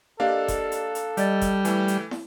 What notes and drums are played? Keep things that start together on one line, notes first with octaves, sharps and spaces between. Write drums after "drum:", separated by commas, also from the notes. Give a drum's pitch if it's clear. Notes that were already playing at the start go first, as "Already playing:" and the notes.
A#3 D4 G4 A4 D5 D#5 F5
drum: kick G1, hi-hat
drum: hi-hat
drum: hi-hat
G3 D5 D#5 A6, drum: hi-hat
drum: kick G1, hi-hat
E3 A3 G#5, drum: hi-hat
drum: hi-hat
drum: snare